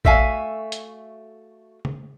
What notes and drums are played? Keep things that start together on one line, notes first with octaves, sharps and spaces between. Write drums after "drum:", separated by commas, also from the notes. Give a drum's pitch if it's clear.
A3 F#4 E5 F5 G#5, drum: kick A#1
drum: hi-hat
drum: tom C#3